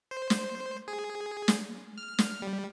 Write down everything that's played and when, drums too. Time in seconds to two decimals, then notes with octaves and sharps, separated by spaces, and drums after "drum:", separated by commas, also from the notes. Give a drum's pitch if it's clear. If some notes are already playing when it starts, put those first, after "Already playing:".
0.11 C5
0.30 drum: snare
0.88 G#4
1.48 drum: snare
1.98 F6
2.18 drum: snare
2.42 G3